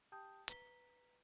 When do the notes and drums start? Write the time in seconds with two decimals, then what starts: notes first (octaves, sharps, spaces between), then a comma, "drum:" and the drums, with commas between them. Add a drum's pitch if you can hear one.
0.12 G4 G5 A5 D#6 G6
0.48 B4 A#5 B6 G7, drum: hi-hat